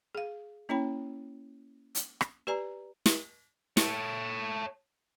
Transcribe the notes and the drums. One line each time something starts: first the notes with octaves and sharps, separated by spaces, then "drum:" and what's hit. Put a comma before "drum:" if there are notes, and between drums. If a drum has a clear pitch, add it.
G#4 F5
A#3 C#4 E4 C#5 G5 B5
drum: hi-hat
drum: rim click
G4 B4 D5 G#5 A#5
drum: snare
A4 C#5, drum: snare